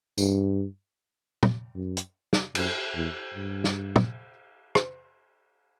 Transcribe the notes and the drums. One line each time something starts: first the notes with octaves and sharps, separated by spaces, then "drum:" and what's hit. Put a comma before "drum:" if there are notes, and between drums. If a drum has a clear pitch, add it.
G2, drum: tambourine
drum: tom
F#2
drum: hi-hat
drum: snare
F#2, drum: cymbal
E2
G2
drum: snare
drum: tom
drum: rim click